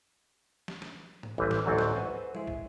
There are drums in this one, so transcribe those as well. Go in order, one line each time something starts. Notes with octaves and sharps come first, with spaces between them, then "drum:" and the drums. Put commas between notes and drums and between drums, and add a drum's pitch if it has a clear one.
drum: snare
drum: snare
drum: tom G#2
A1 E3 G3 A#3 C4 B4, drum: kick
drum: snare
A1 D2 G#2 F#3 C4 A4
drum: snare
B4 C5 F#5 G#5
G#3 E4 G#4, drum: tom F3
drum: kick